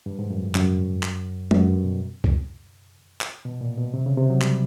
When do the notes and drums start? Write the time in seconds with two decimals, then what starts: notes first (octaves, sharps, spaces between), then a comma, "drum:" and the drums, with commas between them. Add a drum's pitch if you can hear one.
0.06 G2
0.19 G#2
0.30 F#2
0.43 F2
0.55 F#2, drum: clap
1.03 drum: clap
1.51 F#2, drum: tom G#3
1.67 G2
1.84 B2
2.24 drum: kick
3.21 drum: clap
3.45 B2
3.61 A#2
3.78 B2
3.94 C3
4.06 C#3
4.18 C3
4.30 F#3
4.42 G3, drum: clap